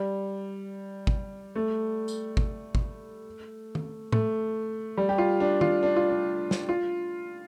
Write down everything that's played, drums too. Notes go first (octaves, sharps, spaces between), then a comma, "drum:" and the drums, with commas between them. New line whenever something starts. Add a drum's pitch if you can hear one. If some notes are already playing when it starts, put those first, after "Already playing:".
Already playing: G3
drum: kick G#1
A3
drum: tambourine
drum: kick G#1
drum: kick G#1
drum: tom
A3, drum: tom A2
G3
G4
F4
D4
F4, drum: tom
D4
F4
D4
drum: snare
F4